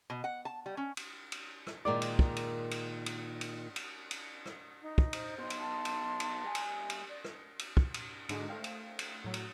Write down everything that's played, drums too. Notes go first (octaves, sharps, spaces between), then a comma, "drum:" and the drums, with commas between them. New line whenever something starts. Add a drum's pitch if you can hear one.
B2
F#5
A5
G3
C#4
drum: cymbal
drum: cymbal
drum: rim click
A#2 D#3 G#3 D5
drum: cymbal
drum: kick
drum: cymbal
drum: cymbal
drum: cymbal
drum: cymbal
drum: cymbal
drum: cymbal
drum: rim click
D#4
drum: kick
C5, drum: cymbal
B2 D#4 C6
drum: cymbal
A5
drum: cymbal
drum: cymbal
G3 G#5
drum: cymbal
drum: cymbal
D5
drum: rim click
drum: cymbal
drum: kick
drum: cymbal
G#2 D3 G#3 D4 D#4 F#4, drum: cymbal
A3 C5 F5 G5
drum: cymbal
drum: cymbal
A2 F#3
drum: cymbal